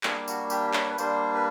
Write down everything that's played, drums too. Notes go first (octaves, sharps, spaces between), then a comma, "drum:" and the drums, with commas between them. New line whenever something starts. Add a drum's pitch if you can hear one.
G3 A#3 D4 G#4, drum: clap
F#4, drum: tambourine
G4, drum: tambourine
C#5, drum: clap
B4
G3 A#3 D4 C5, drum: tambourine
B4